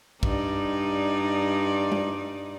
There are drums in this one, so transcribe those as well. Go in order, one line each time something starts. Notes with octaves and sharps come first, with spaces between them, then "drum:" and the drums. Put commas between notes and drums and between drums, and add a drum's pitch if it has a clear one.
G2 D#4 D5, drum: kick
drum: tom G3